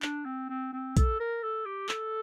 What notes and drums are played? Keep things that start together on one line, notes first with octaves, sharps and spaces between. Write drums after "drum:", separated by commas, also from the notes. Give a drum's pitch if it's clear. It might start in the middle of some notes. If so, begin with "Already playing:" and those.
D4, drum: clap
C4
C4
C4
A4, drum: kick, hi-hat
A#4
A4
G4
A4, drum: clap